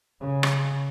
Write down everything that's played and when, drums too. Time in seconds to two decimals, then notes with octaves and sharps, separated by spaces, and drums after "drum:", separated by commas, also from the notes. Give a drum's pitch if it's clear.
0.21 C#3
0.43 drum: rim click